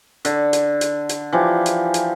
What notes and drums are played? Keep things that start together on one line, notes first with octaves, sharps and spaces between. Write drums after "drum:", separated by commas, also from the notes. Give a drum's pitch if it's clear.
D3, drum: hi-hat
drum: hi-hat
drum: hi-hat
drum: hi-hat
E3 F3 G4
drum: hi-hat
drum: hi-hat